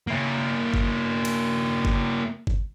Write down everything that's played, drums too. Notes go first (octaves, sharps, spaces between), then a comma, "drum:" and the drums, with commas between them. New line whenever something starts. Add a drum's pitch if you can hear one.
A#3 E4
drum: kick G1
drum: cymbal
drum: kick G1
drum: kick G1